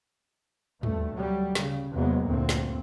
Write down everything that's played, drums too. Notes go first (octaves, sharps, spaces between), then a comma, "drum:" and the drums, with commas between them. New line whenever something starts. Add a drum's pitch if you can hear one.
D2 G2 A3, drum: tom
F#3 G3
C#3, drum: snare
E2 C3 F#3 G#3 A#3 B3
G1 D2 G2 A#2 C4
drum: snare